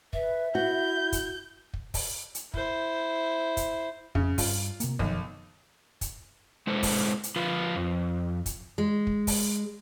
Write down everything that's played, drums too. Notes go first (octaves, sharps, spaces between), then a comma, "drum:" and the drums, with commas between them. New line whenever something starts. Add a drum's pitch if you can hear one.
B4 E5, drum: kick
E4 F#4 G6
drum: kick, hi-hat
drum: kick
drum: kick, open hi-hat
drum: hi-hat
E4 C5, drum: kick
drum: kick, hi-hat
F2 C#3, drum: kick
G2 F4, drum: kick, open hi-hat
C3 A#3, drum: hi-hat
F#1 B1 D#3 F3, drum: kick
drum: kick, hi-hat
G#3 E4 A4 B4 C5
drum: kick, open hi-hat
drum: hi-hat
F3 F4 B4
F2
drum: kick, hi-hat
G#3
drum: kick
drum: kick, open hi-hat